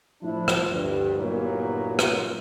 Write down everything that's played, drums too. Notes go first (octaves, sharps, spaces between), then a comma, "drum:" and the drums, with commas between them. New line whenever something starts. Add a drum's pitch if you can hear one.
A2 F3 D4 E4
drum: rim click
D2 G2
G1 A#2 F#3 D#4 E4 C#5
drum: rim click